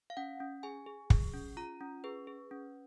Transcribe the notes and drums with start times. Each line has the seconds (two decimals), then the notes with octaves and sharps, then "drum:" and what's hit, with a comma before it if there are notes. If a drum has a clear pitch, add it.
0.10 F5
0.17 C#4 F#5
0.40 C#4
0.63 G#4 G#5
0.86 G#4
1.10 G#4, drum: kick
1.34 C#4
1.57 F4 A#5
1.81 C#4
2.04 G#4 B4
2.27 G#4
2.51 C#4